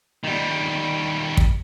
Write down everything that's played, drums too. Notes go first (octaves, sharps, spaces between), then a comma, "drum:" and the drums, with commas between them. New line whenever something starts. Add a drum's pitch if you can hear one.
D#3 G3
drum: kick